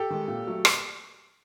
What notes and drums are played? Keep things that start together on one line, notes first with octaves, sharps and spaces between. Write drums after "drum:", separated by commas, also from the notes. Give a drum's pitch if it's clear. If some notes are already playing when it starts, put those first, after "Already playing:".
Already playing: G4 A4
D#3 G#3
A#2
F#3 A3
drum: rim click